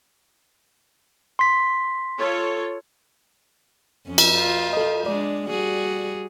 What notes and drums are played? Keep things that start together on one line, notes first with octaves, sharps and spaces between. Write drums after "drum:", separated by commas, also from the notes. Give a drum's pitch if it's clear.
C6 B6
F4 A4 C#5
F2 C#4
drum: cymbal
F4
A4 D#5
G#3 D4 D5
G3 F#4 G#4